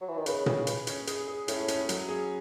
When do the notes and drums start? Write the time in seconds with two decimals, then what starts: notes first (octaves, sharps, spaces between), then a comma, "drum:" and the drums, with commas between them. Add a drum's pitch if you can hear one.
0.01 F#3
0.09 E3
0.17 D#3
0.26 C#3 B4, drum: hi-hat
0.46 G#4, drum: tom A#2
0.67 B4, drum: hi-hat
0.87 C#4, drum: hi-hat
1.07 G#4, drum: hi-hat
1.28 G#4
1.48 A2 C#4, drum: hi-hat
1.68 C#4, drum: hi-hat
1.89 F#3, drum: hi-hat
2.09 G#4